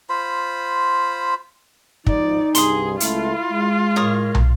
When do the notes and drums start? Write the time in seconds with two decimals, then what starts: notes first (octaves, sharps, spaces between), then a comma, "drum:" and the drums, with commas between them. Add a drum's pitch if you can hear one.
0.09 F4 C5 B5
2.07 G#1 D#2 F3 D#4 D5, drum: kick
2.55 C2 G2 G#4 C6 D#6, drum: hi-hat
3.00 C#2 A3 E4 F4, drum: hi-hat
3.52 G#3
3.96 A2 A#4 C#5 D#6
4.35 drum: tom